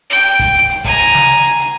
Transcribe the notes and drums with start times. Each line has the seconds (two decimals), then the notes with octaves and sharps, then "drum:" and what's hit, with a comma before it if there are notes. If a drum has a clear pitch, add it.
0.10 G5
0.39 drum: kick, hi-hat
0.54 drum: hi-hat
0.69 drum: hi-hat
0.84 G#5 A#5, drum: kick, open hi-hat
1.00 drum: hi-hat
1.15 drum: snare
1.45 drum: hi-hat
1.60 drum: hi-hat